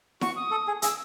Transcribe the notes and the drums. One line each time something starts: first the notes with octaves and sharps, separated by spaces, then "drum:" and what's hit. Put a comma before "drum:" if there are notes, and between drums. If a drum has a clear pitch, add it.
F#4 C#6, drum: snare E4
D#6
A4
G#4
G#4 E6, drum: hi-hat